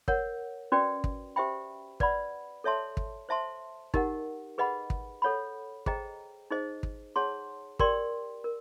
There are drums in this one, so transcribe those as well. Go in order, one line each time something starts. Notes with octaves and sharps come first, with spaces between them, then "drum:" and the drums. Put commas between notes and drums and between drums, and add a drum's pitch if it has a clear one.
A#4 C#5 F#5, drum: kick
C#4 F#4 B4 D5 G5
drum: kick
G4 C5 E5 G5 B5
B4 D5 F#5 B5, drum: kick
A4 C#5 E5 A5 C6
drum: kick
C5 E5 A5 C6
D#4 G4 A#4 D#5 F#5, drum: kick
G#4 B4 D#5 F#5 B5
drum: kick
A4 C#5 F#5 B5
G#4 C5 D#5 G5 A#5, drum: kick
D#4 G#4 C5 D#5
drum: kick
G#4 C#5 F#5 A5 C6
G4 A#4 D5 G5 C6, drum: kick
A#4